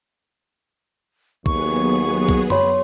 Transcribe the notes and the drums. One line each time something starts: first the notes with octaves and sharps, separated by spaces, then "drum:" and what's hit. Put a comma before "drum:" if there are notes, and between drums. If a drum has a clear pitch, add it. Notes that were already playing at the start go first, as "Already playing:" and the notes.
D#2 F#3 B3 G#4 C#6, drum: kick
drum: kick
C#5 B5 C6, drum: tom F#2